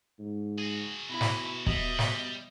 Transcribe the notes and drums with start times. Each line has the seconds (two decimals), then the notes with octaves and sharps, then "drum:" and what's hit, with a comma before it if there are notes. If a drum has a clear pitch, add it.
0.19 G#2
0.58 F#4 G#4
1.10 B2 E4
1.21 drum: snare
1.67 G3 D#5 E5, drum: kick
1.99 drum: snare